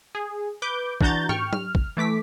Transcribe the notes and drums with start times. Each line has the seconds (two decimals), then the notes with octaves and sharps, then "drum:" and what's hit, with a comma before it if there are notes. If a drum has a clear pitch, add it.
0.15 G#4
0.62 B4 D6 G6
1.01 E3 D4 F#4 A#5 G6 A6, drum: kick
1.29 G5 C#6 F6, drum: tom G#2
1.53 F6, drum: tom F#3
1.75 drum: kick
1.97 E3 A3 D6 B6